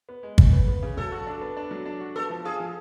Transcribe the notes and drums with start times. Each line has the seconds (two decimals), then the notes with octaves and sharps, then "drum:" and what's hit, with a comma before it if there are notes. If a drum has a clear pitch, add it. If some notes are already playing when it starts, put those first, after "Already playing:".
0.09 B3
0.23 G#3
0.38 C#3, drum: kick
0.53 B3
0.68 B3
0.82 C#3
0.97 F#3 A4
1.12 F#4
1.27 D4
1.41 B3
1.57 D4
1.71 F#3
1.86 D4
2.00 F#4
2.15 B3 A4
2.30 F3
2.45 F4 G#4
2.60 F3